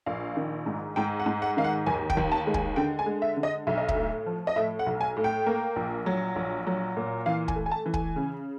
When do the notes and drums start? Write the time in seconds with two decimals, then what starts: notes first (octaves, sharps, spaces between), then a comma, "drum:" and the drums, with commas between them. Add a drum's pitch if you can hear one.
0.06 A#1 F5
0.37 D#3
0.66 G#2
0.96 G#2 G5
1.20 F#5
1.26 G#2
1.42 F#5
1.57 D#3 F5
1.64 F#5
1.86 D#2 G#5
2.10 G5, drum: kick
2.17 D#2
2.32 A5
2.47 G#3
2.54 G#5, drum: kick
2.76 D3 G5
2.99 G#5
3.06 G#3
3.22 E5
3.37 D3
3.43 D#5
3.67 B1 E5
3.77 D#5
3.89 E5, drum: kick
3.96 A2
4.26 F3
4.47 D#5
4.56 A2 E5
4.79 F#5
4.86 B1
5.01 G#5
5.17 A2
5.24 G5
5.46 A#3
5.76 A#1
6.06 F#3
6.36 A#1
6.67 F#3
6.97 A#2
7.26 E3 F5
7.48 G#5, drum: kick
7.56 A3
7.66 G#5
7.71 A5
7.86 E3
7.94 G#5, drum: kick
8.16 C#3